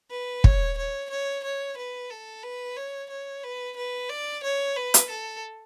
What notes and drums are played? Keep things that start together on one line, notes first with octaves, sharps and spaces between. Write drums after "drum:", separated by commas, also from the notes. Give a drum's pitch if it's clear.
B4
C#5, drum: kick
C#5
C#5
C#5
B4
A4
B4
C#5
C#5
B4
B4
D5
C#5
B4
drum: hi-hat
A4